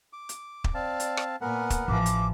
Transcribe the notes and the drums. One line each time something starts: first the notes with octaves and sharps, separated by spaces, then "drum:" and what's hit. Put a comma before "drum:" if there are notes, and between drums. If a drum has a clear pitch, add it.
D6
drum: hi-hat
drum: kick
C4 D5 F5 A5
drum: hi-hat
drum: rim click
A#2 B3 A#4 F#5 G#5
drum: kick, hi-hat
A1 E3 F3 D6
drum: hi-hat